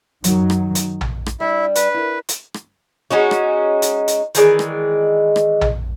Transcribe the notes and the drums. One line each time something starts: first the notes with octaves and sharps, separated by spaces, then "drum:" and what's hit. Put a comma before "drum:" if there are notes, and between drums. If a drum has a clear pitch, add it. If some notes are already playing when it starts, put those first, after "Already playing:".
F#2 D#3 F#3, drum: hi-hat
drum: rim click
drum: hi-hat
drum: tom A#1
drum: rim click
G3 D4 E4 E5
B4, drum: hi-hat
E4 A#4
drum: hi-hat
drum: rim click
G#3 C#4 D#4 F#4
drum: rim click
drum: hi-hat
drum: hi-hat
D#3 E3 G#3 D5, drum: hi-hat
drum: rim click
drum: rim click
drum: tom A#1